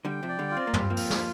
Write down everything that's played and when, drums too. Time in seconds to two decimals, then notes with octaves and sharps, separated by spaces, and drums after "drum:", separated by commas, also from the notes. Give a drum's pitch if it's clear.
0.05 D3 G3 G5
0.23 C3 F3
0.28 D5
0.39 D3 G3
0.51 F4
0.57 C4
0.67 A#3
0.73 C4, drum: tom
0.79 G3
0.90 F3 A#3
0.97 F4, drum: open hi-hat
1.10 drum: snare